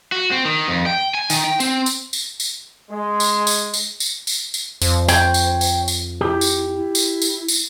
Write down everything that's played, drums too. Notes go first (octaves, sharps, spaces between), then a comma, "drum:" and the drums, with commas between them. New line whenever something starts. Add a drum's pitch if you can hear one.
F#4
C4
D#3
F2
G5
G#5
D#3, drum: tambourine
G5
C4, drum: tambourine
drum: tambourine
drum: tambourine
drum: tambourine
G#3
drum: tambourine
drum: tambourine
drum: tambourine
drum: tambourine
drum: tambourine
drum: tambourine
F2 C5, drum: tambourine
C#5 G5, drum: tambourine
drum: tambourine
drum: tambourine
drum: tambourine
E4 G4
drum: tambourine
E4
drum: tambourine
drum: tambourine
drum: tambourine